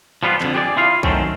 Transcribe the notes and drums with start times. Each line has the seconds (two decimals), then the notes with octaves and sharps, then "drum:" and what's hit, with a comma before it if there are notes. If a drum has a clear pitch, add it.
0.23 F3 G3 B3 F4
0.41 F2 D3, drum: clap
0.54 G4 G#4 C#5 D5
0.77 E4 F4 F5
1.03 D#3 F#3 A3 C4 C#4, drum: kick